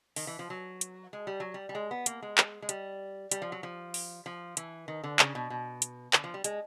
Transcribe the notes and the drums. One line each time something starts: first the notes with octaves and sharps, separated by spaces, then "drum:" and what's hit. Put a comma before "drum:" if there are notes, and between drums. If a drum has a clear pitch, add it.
D#3, drum: open hi-hat
E3
F3
F#3
drum: hi-hat
G#3
G3
F#3
G3
G3
G#3
B3
A#3, drum: hi-hat
G#3
drum: clap
G#3
G3, drum: hi-hat
G3, drum: hi-hat
F3
F#3
F3
drum: open hi-hat
F3
E3, drum: hi-hat
D#3
D3
C#3, drum: clap
B2
B2
drum: hi-hat
D3, drum: clap
F3
G3
G#3, drum: hi-hat